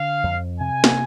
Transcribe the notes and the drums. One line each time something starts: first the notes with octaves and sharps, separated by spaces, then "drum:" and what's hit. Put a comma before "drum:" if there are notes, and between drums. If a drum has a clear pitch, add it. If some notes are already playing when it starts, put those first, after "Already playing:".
Already playing: D3 F5
F2
C3 G#5
drum: snare